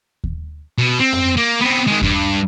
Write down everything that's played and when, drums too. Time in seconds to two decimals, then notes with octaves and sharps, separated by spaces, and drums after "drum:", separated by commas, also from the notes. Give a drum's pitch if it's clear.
0.24 drum: kick D#2
0.79 B2
1.00 C4
1.13 drum: tom F2
1.37 A#3
1.61 B3 C4
1.87 D#3 G#3
2.02 G2, drum: kick D#2